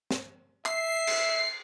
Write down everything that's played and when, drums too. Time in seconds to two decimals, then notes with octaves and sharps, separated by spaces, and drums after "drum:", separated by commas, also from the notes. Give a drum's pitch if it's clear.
0.11 drum: snare
0.66 E5 C7, drum: clap
1.07 drum: cymbal